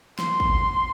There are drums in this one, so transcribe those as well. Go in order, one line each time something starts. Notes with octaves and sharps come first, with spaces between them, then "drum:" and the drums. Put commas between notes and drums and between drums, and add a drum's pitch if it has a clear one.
C6, drum: snare
drum: kick